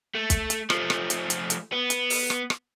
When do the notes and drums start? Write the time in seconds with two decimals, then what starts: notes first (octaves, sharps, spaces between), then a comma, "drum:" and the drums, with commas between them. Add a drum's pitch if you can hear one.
0.15 A3
0.30 drum: kick, hi-hat
0.50 drum: hi-hat
0.70 F3 A3, drum: rim click
0.90 drum: rim click
1.10 drum: hi-hat
1.30 drum: hi-hat
1.50 drum: hi-hat
1.72 B3
1.90 drum: hi-hat
2.10 drum: open hi-hat
2.30 drum: rim click
2.50 drum: rim click